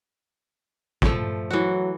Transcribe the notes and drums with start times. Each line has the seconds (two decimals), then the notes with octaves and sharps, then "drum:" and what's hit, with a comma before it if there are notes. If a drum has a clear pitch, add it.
1.02 F3 A3, drum: kick
1.50 E3 F#3 F#4